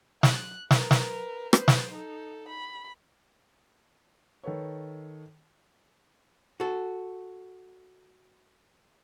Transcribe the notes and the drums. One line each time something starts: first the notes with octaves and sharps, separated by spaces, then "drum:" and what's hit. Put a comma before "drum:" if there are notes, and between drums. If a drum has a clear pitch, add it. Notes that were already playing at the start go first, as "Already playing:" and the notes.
F#6, drum: snare
A#4 B4, drum: snare
drum: snare
B4 C5, drum: rim click
drum: snare
D#4 A4
B5
D#3 A4 B4 C#5
F#4 A4